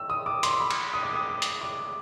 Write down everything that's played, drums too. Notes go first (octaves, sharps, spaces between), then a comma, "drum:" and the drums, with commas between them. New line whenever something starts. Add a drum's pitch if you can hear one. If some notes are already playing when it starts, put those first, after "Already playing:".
Already playing: E6
D#6
D6
C6, drum: hi-hat
C6
B5
drum: cymbal
D#6
D6
D#6
D#6
drum: hi-hat
D6